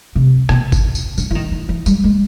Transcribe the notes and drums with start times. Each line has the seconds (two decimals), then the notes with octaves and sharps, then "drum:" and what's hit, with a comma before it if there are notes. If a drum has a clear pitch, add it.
0.15 C3
0.49 B2, drum: rim click
0.72 drum: kick G1, tambourine
0.95 drum: tambourine
1.18 D3, drum: tambourine
1.31 E3
1.35 D#3
1.52 D#3
1.69 E3
1.86 G3, drum: tambourine
2.04 G#3